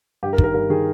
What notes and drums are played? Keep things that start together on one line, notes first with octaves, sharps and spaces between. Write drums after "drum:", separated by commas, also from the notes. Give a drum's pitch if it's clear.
G2 G4
A#4
D#3, drum: kick
A#4
G2 A#4
D#3 G#4